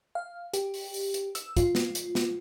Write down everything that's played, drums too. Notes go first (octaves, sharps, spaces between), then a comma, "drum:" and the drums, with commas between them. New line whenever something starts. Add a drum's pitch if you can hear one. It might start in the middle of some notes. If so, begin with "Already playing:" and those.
F5
G4, drum: hi-hat
drum: open hi-hat
drum: open hi-hat
drum: hi-hat
E6, drum: hi-hat
F4, drum: kick, hi-hat
drum: snare
drum: hi-hat
drum: snare